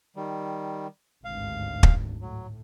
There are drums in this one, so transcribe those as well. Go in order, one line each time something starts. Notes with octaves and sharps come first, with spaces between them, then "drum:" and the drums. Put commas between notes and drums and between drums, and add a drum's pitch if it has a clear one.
D#3 G3
G#1 D2 G2 F5
drum: kick
A2 F#3